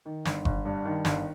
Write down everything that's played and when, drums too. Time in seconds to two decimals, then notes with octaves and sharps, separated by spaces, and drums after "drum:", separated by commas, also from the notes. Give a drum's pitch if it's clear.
0.05 D#3
0.25 G1, drum: snare
0.45 G1, drum: kick F#1
0.65 G2
0.85 D#3
1.05 G1, drum: snare